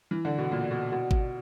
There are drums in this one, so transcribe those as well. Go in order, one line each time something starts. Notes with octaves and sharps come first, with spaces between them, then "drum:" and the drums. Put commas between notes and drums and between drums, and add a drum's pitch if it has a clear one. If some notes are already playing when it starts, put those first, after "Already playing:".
E3
D3
B2
A#2
B2
B2
drum: kick G#1